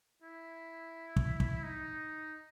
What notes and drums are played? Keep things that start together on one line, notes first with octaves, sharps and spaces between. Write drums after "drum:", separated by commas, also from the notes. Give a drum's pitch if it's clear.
E4
drum: kick
drum: kick
D#4